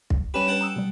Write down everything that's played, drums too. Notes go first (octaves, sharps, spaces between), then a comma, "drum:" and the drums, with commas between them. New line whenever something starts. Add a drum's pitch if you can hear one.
drum: kick
G3 C#4 G4 B4 E7
D4 B4 F#5 G5 A5
A#5 D#6 E6
B2 G3